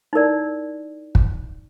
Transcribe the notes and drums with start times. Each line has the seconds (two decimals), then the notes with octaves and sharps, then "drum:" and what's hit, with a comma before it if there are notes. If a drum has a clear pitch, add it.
0.13 D#4 E4 A#4 D5
1.15 drum: kick